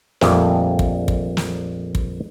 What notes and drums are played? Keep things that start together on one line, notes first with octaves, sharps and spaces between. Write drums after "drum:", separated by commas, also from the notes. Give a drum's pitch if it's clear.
A#1 F2 G3 A3, drum: snare
drum: kick
drum: kick
drum: snare
drum: kick